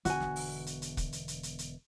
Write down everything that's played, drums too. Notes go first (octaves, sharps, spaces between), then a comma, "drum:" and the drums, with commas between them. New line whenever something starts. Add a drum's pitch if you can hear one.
E1 D3 B3 F#4 G#5, drum: hi-hat
drum: snare
drum: open hi-hat
drum: hi-hat
drum: hi-hat
drum: kick, hi-hat
drum: hi-hat
drum: hi-hat
drum: hi-hat
drum: hi-hat